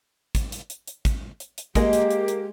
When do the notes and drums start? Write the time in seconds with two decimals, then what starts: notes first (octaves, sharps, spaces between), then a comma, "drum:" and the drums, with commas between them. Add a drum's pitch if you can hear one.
0.35 drum: kick, hi-hat
0.52 drum: hi-hat
0.70 drum: hi-hat
0.87 drum: hi-hat
1.05 drum: kick, hi-hat
1.40 drum: hi-hat
1.58 drum: hi-hat
1.75 G#3 A#3 G4 D#5, drum: kick, hi-hat
1.93 drum: hi-hat
2.11 drum: hi-hat
2.28 drum: hi-hat